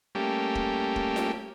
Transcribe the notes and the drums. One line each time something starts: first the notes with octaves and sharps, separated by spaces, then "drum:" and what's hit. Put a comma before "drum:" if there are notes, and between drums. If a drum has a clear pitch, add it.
G3 A3 A#3 C#4 G4
drum: kick
drum: kick
drum: snare F4